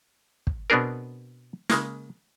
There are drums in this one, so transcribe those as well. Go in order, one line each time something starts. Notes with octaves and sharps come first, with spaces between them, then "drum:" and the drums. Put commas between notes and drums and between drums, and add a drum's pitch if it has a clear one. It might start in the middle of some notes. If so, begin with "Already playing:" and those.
drum: kick
B2 B3 C4 D4 G#4 A#4
C#3 G#3 A#3, drum: snare